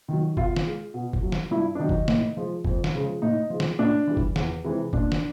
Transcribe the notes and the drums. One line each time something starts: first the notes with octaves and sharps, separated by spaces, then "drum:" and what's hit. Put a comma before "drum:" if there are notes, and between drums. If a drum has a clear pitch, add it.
D#3 F#3
B2 F4, drum: kick F#1
drum: snare
G#3
B2
drum: kick F#1
F#3
drum: snare
G2 E4
D4
D#3 F#3 D#4
drum: kick F#1
A2, drum: snare
F3 G#3
F2, drum: kick F#1
drum: snare
C#3 F3 G#3
A2 D#4
F3 G#3
drum: snare
A2 D4
E3 G3
drum: kick F#1
E2, drum: snare
C3 E3 G#3
A#2 D4, drum: kick F#1
drum: snare